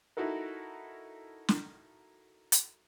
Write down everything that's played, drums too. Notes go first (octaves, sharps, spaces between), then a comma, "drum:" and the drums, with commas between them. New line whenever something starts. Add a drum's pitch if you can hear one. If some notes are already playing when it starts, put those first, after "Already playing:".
D#4 E4 F#4 A4 A#4
drum: snare
drum: hi-hat